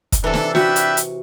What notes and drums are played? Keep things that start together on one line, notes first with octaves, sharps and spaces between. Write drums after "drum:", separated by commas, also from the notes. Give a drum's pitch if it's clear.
drum: kick, hi-hat
C3 E3 D4 A4
drum: snare
D4 F#4 B4 E5 G5, drum: snare
drum: hi-hat
drum: hi-hat